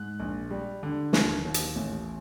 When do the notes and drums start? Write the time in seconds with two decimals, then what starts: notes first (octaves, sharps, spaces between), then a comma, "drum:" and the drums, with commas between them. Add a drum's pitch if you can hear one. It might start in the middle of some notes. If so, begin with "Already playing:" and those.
Already playing: G#2 F#6
0.20 A#1
0.51 G3
0.83 D3
1.13 D#2, drum: snare
1.45 D#2
1.54 drum: hi-hat
1.76 A1